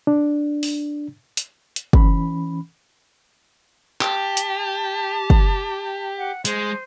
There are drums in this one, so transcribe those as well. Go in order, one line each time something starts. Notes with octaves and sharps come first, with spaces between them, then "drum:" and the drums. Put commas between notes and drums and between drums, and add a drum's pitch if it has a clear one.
D4
drum: open hi-hat
drum: hi-hat
drum: hi-hat
E3 C#4 B5, drum: kick
G4 A5, drum: clap
drum: hi-hat
drum: kick
F#5
G#3 C5, drum: hi-hat